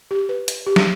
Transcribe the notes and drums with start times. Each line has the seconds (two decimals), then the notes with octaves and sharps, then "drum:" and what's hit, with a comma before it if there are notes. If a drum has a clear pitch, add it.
0.11 G4
0.29 B4
0.48 drum: hi-hat
0.67 G4
0.76 drum: snare